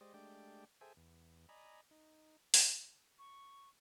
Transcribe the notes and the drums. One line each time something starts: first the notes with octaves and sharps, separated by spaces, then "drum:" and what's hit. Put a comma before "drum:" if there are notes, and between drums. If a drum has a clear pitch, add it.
G#3 G4 C5 D5 D#5
G#3 A3 D4 G4 D5 G5
G#4 A4 C5 E5 G5 G#5
E2
D5 D#5 G#5 A#5 B5
D#4
drum: open hi-hat
C#6